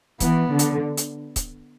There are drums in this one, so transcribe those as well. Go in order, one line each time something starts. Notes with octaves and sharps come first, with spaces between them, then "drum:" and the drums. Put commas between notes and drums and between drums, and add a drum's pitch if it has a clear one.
E3 B3, drum: kick, hi-hat
D3
drum: hi-hat
drum: hi-hat
drum: kick, hi-hat